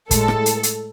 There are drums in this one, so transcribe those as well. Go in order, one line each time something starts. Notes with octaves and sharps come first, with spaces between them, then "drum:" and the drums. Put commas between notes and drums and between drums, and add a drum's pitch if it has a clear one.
A2 G#3 A4, drum: kick, hi-hat
drum: rim click
drum: hi-hat
drum: hi-hat